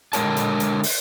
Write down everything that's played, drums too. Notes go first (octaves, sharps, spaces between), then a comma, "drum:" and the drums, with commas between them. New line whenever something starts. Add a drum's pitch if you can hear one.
D3 G#3 A#4 C#5 A5, drum: hi-hat
drum: hi-hat
drum: hi-hat
drum: open hi-hat